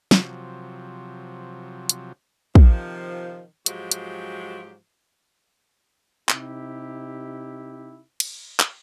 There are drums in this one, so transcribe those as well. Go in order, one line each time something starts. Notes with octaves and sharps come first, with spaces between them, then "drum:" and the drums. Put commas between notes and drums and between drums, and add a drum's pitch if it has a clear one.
C3 F3 F#3, drum: snare
drum: hi-hat
C3 D#3 F3, drum: kick
G#2 F3 F#3 G#3 G4, drum: hi-hat
drum: hi-hat
C3 D#4 E4 G4, drum: clap
drum: cymbal
drum: clap